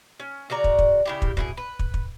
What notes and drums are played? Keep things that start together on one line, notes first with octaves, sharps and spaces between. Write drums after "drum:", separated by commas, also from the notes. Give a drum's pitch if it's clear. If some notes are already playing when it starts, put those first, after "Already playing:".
C#4
C#3 F#4 D5 A#5
drum: kick
drum: kick
C#3 E4 G4
drum: kick
B2 E4 G#4, drum: kick
B4
drum: kick
drum: kick